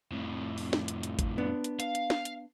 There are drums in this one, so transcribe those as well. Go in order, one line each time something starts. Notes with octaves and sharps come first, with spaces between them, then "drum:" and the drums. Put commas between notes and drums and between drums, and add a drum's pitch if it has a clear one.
F2 A2
drum: open hi-hat
drum: snare
drum: hi-hat
drum: hi-hat
drum: kick G#1, hi-hat
B3 D4
drum: hi-hat
F5, drum: hi-hat
drum: hi-hat
drum: snare
drum: hi-hat